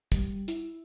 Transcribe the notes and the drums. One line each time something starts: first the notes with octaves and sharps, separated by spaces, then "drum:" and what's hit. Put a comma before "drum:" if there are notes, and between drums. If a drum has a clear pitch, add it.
G3, drum: kick, hi-hat
E4, drum: hi-hat